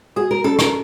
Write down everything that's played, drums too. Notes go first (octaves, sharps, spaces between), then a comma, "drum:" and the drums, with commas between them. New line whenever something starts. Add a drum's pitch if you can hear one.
F#4 G#4
A#4
C#4 A4
A#4, drum: rim click